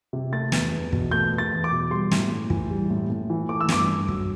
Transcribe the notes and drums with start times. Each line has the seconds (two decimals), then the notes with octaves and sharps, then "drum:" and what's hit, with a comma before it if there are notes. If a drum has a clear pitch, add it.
0.13 C3
0.32 A3 A6
0.52 E2, drum: snare
0.72 E2
0.93 B2, drum: kick
1.11 A3 G6
1.32 E2
1.38 A6
1.52 E2
1.64 D6
1.72 B2
1.90 G3 C6
2.11 A2, drum: snare
2.31 A2
2.50 E3, drum: kick
2.70 G3
2.90 A2
3.10 A2
3.30 E3
3.49 A3 D6
3.61 E6
3.69 G2 D6, drum: snare
3.89 G2
4.08 F#3, drum: kick